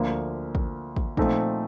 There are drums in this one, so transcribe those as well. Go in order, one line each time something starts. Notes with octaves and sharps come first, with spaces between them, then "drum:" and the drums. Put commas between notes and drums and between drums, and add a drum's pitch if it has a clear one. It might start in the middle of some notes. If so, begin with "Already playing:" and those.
Already playing: D2 D3 F3 A#3
drum: kick
drum: kick
A#2 F3 A3 C4 D#4, drum: kick